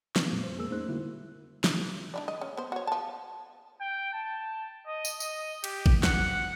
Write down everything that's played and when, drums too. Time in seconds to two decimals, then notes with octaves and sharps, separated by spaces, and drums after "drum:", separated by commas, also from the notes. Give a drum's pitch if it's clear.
0.16 B3 C4, drum: snare
0.31 F2 A#2 F#3 G#3 A#3 C4
0.44 C5
0.57 F2 G#3 A#3 G#4 A#4 E6
0.70 A3 A#3 C#4 D#4 C5 F#6
0.88 D3 G3 A#3 E4 F#4
1.64 drum: snare
2.14 D4 E4 D5
2.28 D#5
2.41 C#4
2.57 B3 C5
2.72 F#4 C#5
2.87 F3 A5
3.81 G5
4.13 A5
4.87 D#5
5.05 drum: tambourine
5.20 D#5, drum: tambourine
5.64 G4, drum: cymbal
5.86 drum: kick A1
6.03 F#5, drum: snare